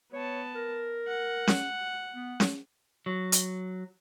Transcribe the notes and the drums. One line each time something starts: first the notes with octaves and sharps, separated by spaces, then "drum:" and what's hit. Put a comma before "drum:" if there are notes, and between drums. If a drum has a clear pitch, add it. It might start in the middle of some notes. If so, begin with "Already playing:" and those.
B3 C#5 A5
A#4
F#5
drum: snare C#4
B3
drum: snare C#4
F#3
drum: hi-hat